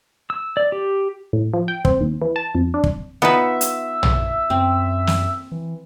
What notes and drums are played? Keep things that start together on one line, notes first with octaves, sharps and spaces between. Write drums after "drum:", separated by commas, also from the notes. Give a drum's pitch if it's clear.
E6
D5
G4
A2
F3
G5
C4, drum: kick
D#2
E3
A5
F2
D4
drum: kick
B3 D#4 F4 B4 E5 C#6
drum: hi-hat
drum: tom
F#2 C4
drum: snare
E3